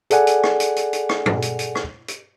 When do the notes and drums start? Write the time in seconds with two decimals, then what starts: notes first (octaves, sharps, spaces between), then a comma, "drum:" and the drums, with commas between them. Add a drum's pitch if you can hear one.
0.10 G#4 A4 D5 F#5 G#5, drum: hi-hat
0.27 drum: hi-hat
0.43 drum: rim click
0.60 drum: hi-hat
0.76 drum: hi-hat
0.93 drum: hi-hat
1.09 drum: rim click
1.26 drum: tom G2
1.42 drum: hi-hat
1.59 drum: hi-hat
1.75 drum: rim click
2.08 drum: hi-hat